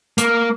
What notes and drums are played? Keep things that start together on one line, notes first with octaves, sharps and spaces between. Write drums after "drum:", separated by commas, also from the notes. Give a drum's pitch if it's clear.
A#3, drum: hi-hat